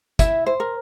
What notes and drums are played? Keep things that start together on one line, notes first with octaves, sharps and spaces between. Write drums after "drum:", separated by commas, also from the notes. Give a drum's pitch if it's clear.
E4 E5, drum: kick, hi-hat
C5
A#4